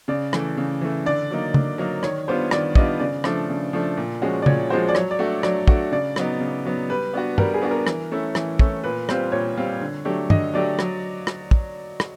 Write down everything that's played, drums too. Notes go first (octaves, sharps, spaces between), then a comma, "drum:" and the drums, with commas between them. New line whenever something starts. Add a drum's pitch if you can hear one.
C#3 D5
E3 A3, drum: rim click
C#3
E3 A3
D3 D5
F#3 A#3 D#4
D3, drum: tom C#3
F#3 A#3 D#4
D#3 C#5, drum: rim click
G3 B3 D4 F4 C5
D#3 D5, drum: rim click
G3 B3 D4 F4 D#5, drum: kick
C#3 D5
F3 A3 D4 D5, drum: rim click
C#3
F3 A3 D4
A#2
F3 G#3 C#4 F#4
D5
A#2 C#5, drum: tom C#3
F3 G#3 C#4 F#4 C5
D5
F#3 C#5, drum: rim click
D5
A3 D4 F#4
F#3 D5, drum: rim click
A3 D4 F#4, drum: kick
C#3 D5
F#3 B3 D#4, drum: rim click
C#3
F#3 B3 D#4
G3 B4
B3 D4 F#4
G3 A#4, drum: tom
G#4
B3 D4 F#4
A#4
E3, drum: rim click
A3 C#4 E4
E3, drum: rim click
A3 C#4 E4, drum: kick
A#2 B4
G3 C4 F4 C5, drum: rim click
A#2 C#5
G3 C4 F4
D3
F#3 A3 D4 G4
D3 D#5, drum: tom
F#3 A3 D4 G4 D5
F#3, drum: rim click
drum: rim click
drum: kick
drum: rim click